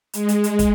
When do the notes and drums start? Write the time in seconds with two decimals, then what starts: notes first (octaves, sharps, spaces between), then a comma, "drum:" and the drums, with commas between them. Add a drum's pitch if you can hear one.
0.13 G#3, drum: hi-hat
0.29 drum: hi-hat
0.44 drum: hi-hat
0.59 drum: kick, hi-hat